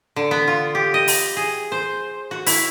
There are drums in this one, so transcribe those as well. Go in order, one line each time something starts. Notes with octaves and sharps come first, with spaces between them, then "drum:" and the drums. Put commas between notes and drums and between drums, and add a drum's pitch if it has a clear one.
D3
B3
F4
G4
D#5
drum: open hi-hat
G#4
C5
F#4
E4, drum: open hi-hat